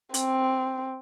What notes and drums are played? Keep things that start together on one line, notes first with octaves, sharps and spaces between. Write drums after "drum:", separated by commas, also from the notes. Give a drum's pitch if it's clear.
C4, drum: hi-hat